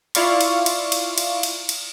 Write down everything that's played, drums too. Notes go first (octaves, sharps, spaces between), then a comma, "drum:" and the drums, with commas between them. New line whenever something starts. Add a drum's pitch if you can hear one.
E4 F4 D5 F5 C6 C#6, drum: cymbal
drum: cymbal
drum: cymbal
drum: cymbal
drum: cymbal
drum: cymbal
drum: cymbal